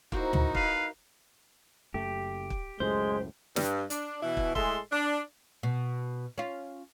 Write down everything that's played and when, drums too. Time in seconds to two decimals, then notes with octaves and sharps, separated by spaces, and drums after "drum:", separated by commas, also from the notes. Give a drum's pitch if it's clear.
0.12 A#3 D#4 E4 F#4 C5 D#5, drum: kick
0.33 drum: tom
0.55 B4 F5, drum: kick
1.94 F#1 F#2 A3 G4
2.50 drum: kick
2.80 C#2 F#2 A2 G#3 C5
3.56 G2, drum: snare
3.90 D4, drum: hi-hat
4.22 B2 E3 E4
4.37 drum: kick
4.55 A2 G#3 G#4 A4 E5 C6, drum: kick
4.92 D4
5.63 B2
6.38 C#4 F4